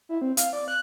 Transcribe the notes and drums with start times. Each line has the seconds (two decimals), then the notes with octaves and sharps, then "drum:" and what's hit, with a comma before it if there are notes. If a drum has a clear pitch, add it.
0.09 E4
0.21 C4
0.37 F5, drum: hi-hat
0.53 D5
0.68 F#6